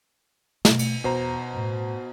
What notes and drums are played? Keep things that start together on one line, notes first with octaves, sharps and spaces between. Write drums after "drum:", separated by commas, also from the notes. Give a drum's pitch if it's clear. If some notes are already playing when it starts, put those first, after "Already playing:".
B2 A3, drum: snare
drum: cymbal
E2 B2 D#4 C5 A#5
F#2 A2